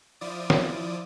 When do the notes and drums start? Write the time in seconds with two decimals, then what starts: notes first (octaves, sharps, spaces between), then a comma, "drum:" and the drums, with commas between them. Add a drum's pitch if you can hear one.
0.21 F3 E4 F4 D5 D6 D#6
0.50 drum: snare